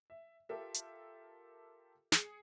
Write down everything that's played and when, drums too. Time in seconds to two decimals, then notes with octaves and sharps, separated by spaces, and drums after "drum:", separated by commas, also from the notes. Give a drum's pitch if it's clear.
0.10 E5
0.49 F4 G4 A4 A#4 E5
0.74 drum: hi-hat
2.12 G#4 C#7, drum: snare